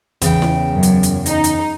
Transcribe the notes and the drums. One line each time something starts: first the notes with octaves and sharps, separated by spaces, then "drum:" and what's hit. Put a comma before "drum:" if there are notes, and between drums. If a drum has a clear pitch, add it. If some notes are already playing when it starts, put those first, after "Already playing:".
E2 C#3 G5, drum: kick, hi-hat
drum: snare E4
F#2
drum: hi-hat
drum: hi-hat
D#4, drum: hi-hat
drum: hi-hat